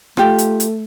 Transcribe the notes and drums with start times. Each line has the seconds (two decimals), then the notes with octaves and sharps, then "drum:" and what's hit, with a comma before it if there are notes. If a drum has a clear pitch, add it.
0.17 A3 F4 G4, drum: rim click
0.38 drum: hi-hat
0.60 drum: hi-hat